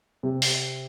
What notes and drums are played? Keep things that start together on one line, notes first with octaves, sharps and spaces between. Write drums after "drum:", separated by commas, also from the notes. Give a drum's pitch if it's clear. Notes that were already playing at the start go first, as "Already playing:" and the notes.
C3
drum: open hi-hat